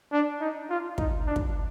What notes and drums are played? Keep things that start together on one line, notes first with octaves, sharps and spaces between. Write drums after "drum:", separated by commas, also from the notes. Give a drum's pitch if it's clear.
D4
D#4
F4
D#4, drum: kick
D4
drum: kick